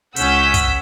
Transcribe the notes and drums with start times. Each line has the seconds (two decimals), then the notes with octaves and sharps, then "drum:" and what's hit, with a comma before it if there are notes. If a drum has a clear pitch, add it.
0.16 C#2 C#4 F#5 E6 G6 B6, drum: hi-hat
0.54 drum: kick, hi-hat